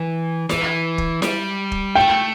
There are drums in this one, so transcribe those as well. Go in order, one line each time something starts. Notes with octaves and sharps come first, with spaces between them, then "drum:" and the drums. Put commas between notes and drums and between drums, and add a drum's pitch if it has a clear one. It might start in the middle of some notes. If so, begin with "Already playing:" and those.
Already playing: E3
E3, drum: snare E4
drum: kick
G3, drum: snare E4
drum: kick
A3 G5